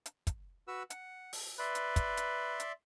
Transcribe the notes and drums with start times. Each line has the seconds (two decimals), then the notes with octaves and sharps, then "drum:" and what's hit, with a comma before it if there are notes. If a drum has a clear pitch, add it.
0.06 drum: hi-hat
0.27 drum: kick, hi-hat
0.68 F#4 B4 E6
0.90 F#5, drum: hi-hat
1.33 drum: open hi-hat
1.59 B4 D5 E5 C6
1.75 drum: hi-hat
1.96 drum: kick, hi-hat
2.17 drum: hi-hat
2.60 drum: hi-hat